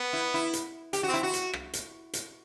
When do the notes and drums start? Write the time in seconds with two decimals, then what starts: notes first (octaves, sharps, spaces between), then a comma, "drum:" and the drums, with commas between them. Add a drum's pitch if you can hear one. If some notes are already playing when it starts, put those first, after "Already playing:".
Already playing: B3
0.13 E4
0.34 E4
0.53 drum: hi-hat
0.93 G4, drum: hi-hat
1.03 F#4
1.08 C4
1.13 E4
1.23 F#4
1.33 drum: hi-hat
1.53 drum: rim click
1.73 drum: hi-hat
2.13 drum: hi-hat